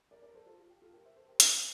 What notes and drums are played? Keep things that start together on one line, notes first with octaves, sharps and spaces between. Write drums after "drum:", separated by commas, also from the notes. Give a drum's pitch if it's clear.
A#4 D5
A#4 D5
A4 C5
F4 A4
F4
G4
F4 A4
G4 A#4
C5 E5
A4 C5
G4 A#4
E5, drum: hi-hat
F5
C5 E5